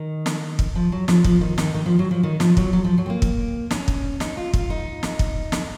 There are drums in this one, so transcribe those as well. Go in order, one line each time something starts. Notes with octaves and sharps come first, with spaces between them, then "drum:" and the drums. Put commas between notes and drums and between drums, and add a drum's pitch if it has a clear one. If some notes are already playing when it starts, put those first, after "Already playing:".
Already playing: D#3
drum: snare
drum: kick
F3
F#3
F3, drum: snare
F3, drum: kick
D#3
D#3, drum: snare
D#3
F3
F#3
F3
D#3
F3, drum: snare
F#3, drum: kick
F#3
F3
F#3
C4
A#3
drum: kick
C#4, drum: snare
drum: kick
D#4, drum: snare
F4
F4, drum: kick
D#4
drum: snare
drum: kick
drum: snare